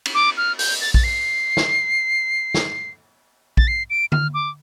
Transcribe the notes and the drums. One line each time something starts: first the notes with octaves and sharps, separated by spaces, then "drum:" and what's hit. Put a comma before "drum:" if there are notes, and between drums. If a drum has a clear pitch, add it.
drum: cymbal
D6
F6
G6, drum: open hi-hat
A6
A6, drum: kick A#1
C7
drum: snare
drum: snare
A6, drum: kick A#1
C7
D7
F6, drum: tom D3
D6